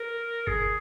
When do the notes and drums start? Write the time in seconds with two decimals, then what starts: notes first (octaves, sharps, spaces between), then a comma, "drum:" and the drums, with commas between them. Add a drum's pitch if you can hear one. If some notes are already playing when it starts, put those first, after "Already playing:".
Already playing: A#4
0.47 G#4, drum: kick F#1